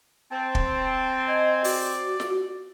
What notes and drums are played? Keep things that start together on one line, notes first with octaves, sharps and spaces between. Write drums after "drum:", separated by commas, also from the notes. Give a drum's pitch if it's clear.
C4 A5
drum: kick
D#5 G#5
F#4 D5, drum: open hi-hat
drum: snare